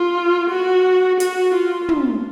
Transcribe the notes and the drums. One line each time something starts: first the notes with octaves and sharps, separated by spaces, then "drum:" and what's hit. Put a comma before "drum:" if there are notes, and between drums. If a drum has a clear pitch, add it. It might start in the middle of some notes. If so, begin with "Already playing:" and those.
Already playing: F4
F#4
F#4, drum: hi-hat
F4
drum: tom